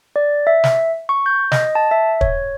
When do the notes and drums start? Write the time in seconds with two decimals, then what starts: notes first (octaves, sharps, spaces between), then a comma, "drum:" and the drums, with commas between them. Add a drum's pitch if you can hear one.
0.16 D5
0.47 E5
0.64 drum: snare
1.09 C#6
1.26 G6
1.52 D#5, drum: snare
1.75 A5
1.91 E5
2.21 C#5, drum: kick